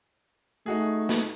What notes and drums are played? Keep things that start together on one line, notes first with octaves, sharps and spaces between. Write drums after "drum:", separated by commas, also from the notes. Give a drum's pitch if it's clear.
A3 D#4 F#4 G#4
drum: snare